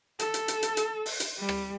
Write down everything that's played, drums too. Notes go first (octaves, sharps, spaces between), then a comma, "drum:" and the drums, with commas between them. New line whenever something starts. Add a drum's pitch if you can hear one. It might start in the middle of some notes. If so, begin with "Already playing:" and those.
A4, drum: hi-hat
drum: hi-hat
drum: hi-hat
drum: hi-hat
drum: hi-hat
drum: open hi-hat
drum: hi-hat
G3
drum: rim click